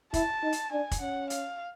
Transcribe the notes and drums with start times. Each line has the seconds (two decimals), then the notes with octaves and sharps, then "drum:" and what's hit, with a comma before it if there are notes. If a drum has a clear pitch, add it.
0.14 E4 A5, drum: kick, hi-hat
0.43 D#4
0.53 drum: hi-hat
0.72 D4 G#5
0.91 drum: kick, hi-hat
1.01 C#4 F#5
1.30 F5, drum: hi-hat